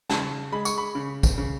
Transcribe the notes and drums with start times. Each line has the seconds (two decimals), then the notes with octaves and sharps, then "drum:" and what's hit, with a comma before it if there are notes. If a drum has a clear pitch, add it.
0.10 C#3 A5, drum: snare
0.52 G#3 B5
0.65 C#6, drum: tambourine
0.78 B5
0.95 C#3
1.23 drum: kick, tambourine
1.38 C#3